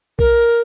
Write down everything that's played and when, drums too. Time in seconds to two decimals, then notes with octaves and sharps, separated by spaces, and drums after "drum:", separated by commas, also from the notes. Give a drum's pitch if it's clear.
0.19 A#4, drum: kick B1